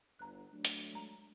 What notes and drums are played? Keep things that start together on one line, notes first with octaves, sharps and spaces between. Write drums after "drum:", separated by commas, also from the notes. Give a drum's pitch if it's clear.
G1 A#5 F#6
F#3 A3 D4
drum: hi-hat
G#3 A#5